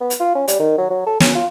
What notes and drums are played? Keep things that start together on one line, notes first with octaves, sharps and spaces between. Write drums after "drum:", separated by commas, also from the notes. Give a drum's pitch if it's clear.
B3
drum: hi-hat
F4
C#4
G3, drum: hi-hat
D#3
F#3
F#3
A4
C#4, drum: snare
F4